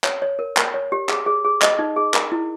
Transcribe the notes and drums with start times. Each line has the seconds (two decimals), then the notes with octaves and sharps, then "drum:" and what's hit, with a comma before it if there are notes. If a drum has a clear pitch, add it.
0.04 C#5, drum: clap
0.22 C#5
0.39 A#4
0.57 A#4, drum: clap
0.74 C#5
0.92 G4
1.09 G#4, drum: clap
1.26 G#4
1.45 G#4
1.62 D#5, drum: clap
1.79 D#4
1.96 G#4
2.14 A#4, drum: clap
2.32 E4